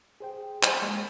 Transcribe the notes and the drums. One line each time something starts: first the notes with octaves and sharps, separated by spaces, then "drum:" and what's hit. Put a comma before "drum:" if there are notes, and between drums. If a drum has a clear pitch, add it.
G#4 C5 G5
drum: clap
G#3 A#3